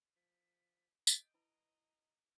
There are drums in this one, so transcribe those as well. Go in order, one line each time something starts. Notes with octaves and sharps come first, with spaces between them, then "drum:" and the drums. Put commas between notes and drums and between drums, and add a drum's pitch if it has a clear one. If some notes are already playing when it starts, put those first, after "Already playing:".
F3 B6
D#5 G6 D7, drum: tambourine
E4 B4 A#5 B5